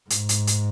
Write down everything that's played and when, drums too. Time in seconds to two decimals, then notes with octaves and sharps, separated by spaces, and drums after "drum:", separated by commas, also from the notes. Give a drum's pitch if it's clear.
0.10 G#2, drum: hi-hat
0.29 drum: hi-hat
0.47 drum: hi-hat